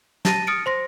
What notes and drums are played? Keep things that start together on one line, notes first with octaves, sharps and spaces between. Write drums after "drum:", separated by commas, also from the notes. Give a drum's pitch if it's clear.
A5 A6 A#6 D#7, drum: snare
D#6 F6 A6 C#7 D7
C5 C6 A#6